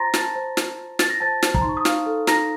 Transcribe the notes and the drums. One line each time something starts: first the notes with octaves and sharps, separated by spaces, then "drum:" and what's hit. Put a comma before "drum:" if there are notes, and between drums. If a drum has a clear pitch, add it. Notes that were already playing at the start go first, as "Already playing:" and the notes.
Already playing: F4 C5 A#5 C6 A6 A#6
C5 A5 A6, drum: snare
C5
F4, drum: snare
F4
F4 A6, drum: snare
A#6
C5 A5 A6
C5, drum: snare
A#5, drum: kick
D#4 C6
C#6
D#6
D#4 F5 F6, drum: snare
A4
D#4 A#5 A#6, drum: snare